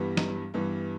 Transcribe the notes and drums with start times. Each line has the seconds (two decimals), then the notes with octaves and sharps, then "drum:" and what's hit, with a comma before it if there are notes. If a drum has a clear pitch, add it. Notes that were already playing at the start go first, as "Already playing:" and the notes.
Already playing: G2 E3 G3 B3
0.17 drum: snare
0.54 G2 E3 G3 B3